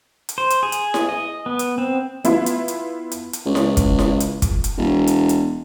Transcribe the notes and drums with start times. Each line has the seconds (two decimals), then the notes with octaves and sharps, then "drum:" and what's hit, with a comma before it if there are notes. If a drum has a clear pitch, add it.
0.29 drum: hi-hat
0.38 C5
0.50 drum: hi-hat
0.63 G#4
0.72 drum: hi-hat
0.94 drum: snare E4
1.09 D#5
1.46 B3
1.59 drum: hi-hat
1.78 C4
2.24 B3 E4 F4, drum: hi-hat
2.46 drum: hi-hat
2.68 drum: hi-hat
3.12 drum: hi-hat
3.33 drum: hi-hat
3.46 C#2
3.55 drum: snare E4
3.77 drum: kick, hi-hat
3.99 drum: snare E4
4.20 drum: hi-hat
4.42 drum: kick, hi-hat
4.64 drum: hi-hat
4.77 E1
5.07 drum: hi-hat
5.29 drum: hi-hat